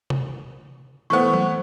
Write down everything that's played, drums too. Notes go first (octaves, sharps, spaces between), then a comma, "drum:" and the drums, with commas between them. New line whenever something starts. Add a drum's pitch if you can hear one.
drum: tom C3
E3 A3 B3 C5 C#6
drum: tom